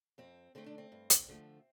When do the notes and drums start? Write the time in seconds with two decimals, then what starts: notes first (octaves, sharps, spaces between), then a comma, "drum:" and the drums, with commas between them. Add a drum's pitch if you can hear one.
0.18 F2 C4
0.55 D3 A3 C4
0.66 D4
0.78 C4
0.92 G2
1.10 drum: hi-hat
1.28 D3 F3 A3